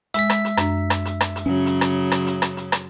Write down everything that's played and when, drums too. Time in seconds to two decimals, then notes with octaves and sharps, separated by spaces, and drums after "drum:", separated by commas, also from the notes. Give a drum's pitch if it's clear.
0.14 G#3 E5 B6, drum: hi-hat
0.30 drum: rim click
0.45 drum: hi-hat
0.57 F#2 D4, drum: rim click
0.90 drum: rim click
1.05 drum: hi-hat
1.21 drum: rim click
1.36 drum: hi-hat
1.46 C#3 F#3 C#4
1.66 drum: hi-hat
1.81 drum: rim click
2.11 drum: rim click
2.27 drum: hi-hat
2.42 drum: rim click
2.57 drum: hi-hat
2.72 drum: rim click